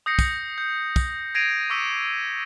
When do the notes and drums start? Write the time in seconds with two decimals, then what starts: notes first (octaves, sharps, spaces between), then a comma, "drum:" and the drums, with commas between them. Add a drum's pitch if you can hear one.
0.06 D#6 G6 A#6 C7 C#7
0.19 drum: kick, tambourine
0.58 G6
0.96 drum: kick, tambourine
1.35 G#6 A#6 C7 D7 D#7 F7
1.70 C#6 D6 E6 B6 C#7 D#7